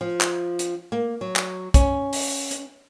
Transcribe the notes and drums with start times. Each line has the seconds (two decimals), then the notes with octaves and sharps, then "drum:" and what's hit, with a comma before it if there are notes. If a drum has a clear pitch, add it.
0.01 F3
0.21 drum: clap
0.59 drum: hi-hat
0.92 A#3
1.21 F#3
1.36 drum: clap
1.74 C#4, drum: kick, hi-hat
2.13 drum: open hi-hat
2.51 drum: hi-hat